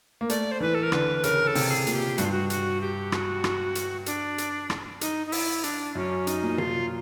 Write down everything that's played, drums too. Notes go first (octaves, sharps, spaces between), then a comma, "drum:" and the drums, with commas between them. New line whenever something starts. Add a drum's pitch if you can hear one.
A#3
A3 D5, drum: hi-hat
C5
E3 B4
A4
A#4
D3 B4, drum: rim click
C#3 A#4, drum: hi-hat
A4
C3, drum: open hi-hat
G#4
A#2, drum: hi-hat
G4
G2 F#4, drum: hi-hat
F4
F#4
F#4, drum: hi-hat
G4
F#4, drum: rim click
drum: rim click
drum: hi-hat
D4, drum: hi-hat
drum: hi-hat
drum: rim click
D#4, drum: hi-hat
D#4
E4, drum: open hi-hat
D4, drum: hi-hat
F#2 C#4
D#4, drum: hi-hat
A#2
F4, drum: tom C3